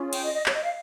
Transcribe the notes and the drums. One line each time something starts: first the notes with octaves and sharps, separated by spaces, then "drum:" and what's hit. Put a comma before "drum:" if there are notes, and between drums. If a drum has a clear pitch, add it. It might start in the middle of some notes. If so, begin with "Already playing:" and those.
Already playing: C#4 F4 G#4 C#5
G5, drum: cymbal
D#5
D#5
C#5, drum: clap
D#5
F5